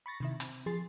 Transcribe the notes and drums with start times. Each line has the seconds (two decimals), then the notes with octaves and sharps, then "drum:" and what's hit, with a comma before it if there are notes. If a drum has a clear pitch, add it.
0.06 B5 C#6 A6 A#6
0.20 C3 D#3 E4
0.40 C4, drum: hi-hat
0.66 F3 G#4 C6 A6 C7